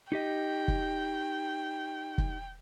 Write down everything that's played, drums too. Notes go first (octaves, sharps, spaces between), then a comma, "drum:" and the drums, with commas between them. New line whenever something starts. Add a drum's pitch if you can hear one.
D#4 G4 D#5 G5
drum: kick
drum: kick